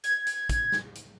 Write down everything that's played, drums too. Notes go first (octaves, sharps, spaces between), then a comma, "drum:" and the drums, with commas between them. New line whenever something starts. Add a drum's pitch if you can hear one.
G#6, drum: hi-hat
drum: hi-hat
drum: kick, hi-hat
drum: snare
drum: hi-hat